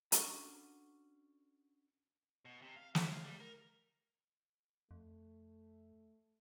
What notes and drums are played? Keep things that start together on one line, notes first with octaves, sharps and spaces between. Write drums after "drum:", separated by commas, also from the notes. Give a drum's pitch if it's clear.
C#4 D4 F#4 A4 B5, drum: hi-hat
B2
C3
F5
E4, drum: snare
F5
G3
A#4
F2 A3